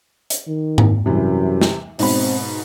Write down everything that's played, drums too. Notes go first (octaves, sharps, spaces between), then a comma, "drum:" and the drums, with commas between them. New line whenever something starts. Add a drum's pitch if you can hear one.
drum: hi-hat
D#3
drum: tom G#2
F#2 C3 E3 G3
drum: snare
G#2 B2 C4 B5, drum: open hi-hat